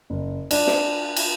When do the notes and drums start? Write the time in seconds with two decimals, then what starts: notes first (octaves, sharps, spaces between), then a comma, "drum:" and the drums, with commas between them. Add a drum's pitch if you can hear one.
0.10 F#1
0.51 D4, drum: cymbal
0.67 drum: snare
1.16 drum: cymbal